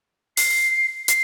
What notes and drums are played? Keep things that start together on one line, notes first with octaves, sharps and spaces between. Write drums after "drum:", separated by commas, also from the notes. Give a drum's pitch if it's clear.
C7, drum: open hi-hat
C7, drum: hi-hat